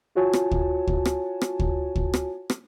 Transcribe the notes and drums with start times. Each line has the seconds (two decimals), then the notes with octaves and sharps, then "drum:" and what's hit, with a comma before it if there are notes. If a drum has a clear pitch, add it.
0.15 F4 F#4 C#5 G#5 A5
0.33 drum: rim click
0.51 drum: kick D2
0.87 drum: kick D2
1.05 drum: rim click
1.41 drum: rim click
1.60 drum: kick D2
1.96 drum: kick D2
2.14 drum: rim click
2.50 drum: rim click